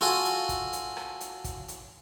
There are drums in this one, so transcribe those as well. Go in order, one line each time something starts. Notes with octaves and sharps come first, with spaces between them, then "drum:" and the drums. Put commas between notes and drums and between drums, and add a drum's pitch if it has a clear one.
F4 F#4 A4 G#5
drum: hi-hat
drum: kick, hi-hat
drum: hi-hat
drum: rim click
drum: hi-hat
drum: kick, hi-hat
drum: hi-hat